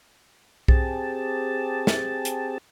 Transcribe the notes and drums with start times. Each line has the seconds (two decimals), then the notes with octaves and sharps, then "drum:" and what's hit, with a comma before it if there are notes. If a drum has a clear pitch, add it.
0.68 C4 G4 G#4 A5, drum: kick B1
1.87 drum: snare
2.25 drum: hi-hat